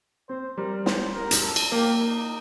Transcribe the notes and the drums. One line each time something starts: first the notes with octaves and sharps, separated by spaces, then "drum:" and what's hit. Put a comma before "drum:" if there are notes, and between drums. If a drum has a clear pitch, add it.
C4 C5
G3 A#4
C5, drum: snare
A#4
drum: hi-hat
A4
drum: cymbal
A#3 G4
D#4